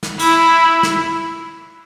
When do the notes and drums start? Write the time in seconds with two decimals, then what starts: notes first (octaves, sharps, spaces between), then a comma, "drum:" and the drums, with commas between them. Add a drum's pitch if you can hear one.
0.03 drum: snare
0.19 E4, drum: cymbal
0.83 drum: snare